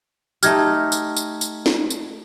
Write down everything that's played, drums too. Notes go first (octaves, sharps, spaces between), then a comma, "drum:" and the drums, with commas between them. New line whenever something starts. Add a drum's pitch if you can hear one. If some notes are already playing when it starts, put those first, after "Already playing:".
A3 D#4 G4 F6 G#6 A#6, drum: tambourine
drum: tambourine
drum: tambourine
drum: tambourine
drum: snare
drum: tambourine